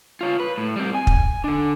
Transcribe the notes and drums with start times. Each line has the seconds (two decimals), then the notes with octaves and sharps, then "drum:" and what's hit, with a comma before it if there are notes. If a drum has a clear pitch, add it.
0.21 F4 C#5
0.40 B4
0.58 A2
0.76 G3 C4
0.95 G#5
1.07 drum: kick
1.44 D3 D4